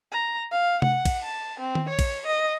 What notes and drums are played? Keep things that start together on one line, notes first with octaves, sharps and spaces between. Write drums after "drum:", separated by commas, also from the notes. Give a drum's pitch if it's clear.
A#5
F5
F#5, drum: tom C3
drum: kick, cymbal
A5
C4
drum: tom D#3
C#5
drum: kick, cymbal
D#5